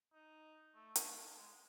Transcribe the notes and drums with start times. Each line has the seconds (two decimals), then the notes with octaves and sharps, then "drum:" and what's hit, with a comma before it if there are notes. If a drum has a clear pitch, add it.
0.13 D#4
0.75 A3
0.96 drum: hi-hat
1.37 G#3